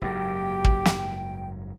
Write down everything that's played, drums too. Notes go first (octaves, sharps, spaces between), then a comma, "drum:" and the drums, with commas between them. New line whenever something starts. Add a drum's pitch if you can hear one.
F#1 G#2 F#3 G4 G5
drum: kick
drum: snare